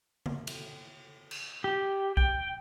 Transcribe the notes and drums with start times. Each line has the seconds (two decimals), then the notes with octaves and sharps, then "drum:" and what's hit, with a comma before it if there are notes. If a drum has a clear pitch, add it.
0.26 drum: tom C#3
0.47 drum: cymbal
1.31 drum: cymbal
1.64 G4
2.17 G5, drum: kick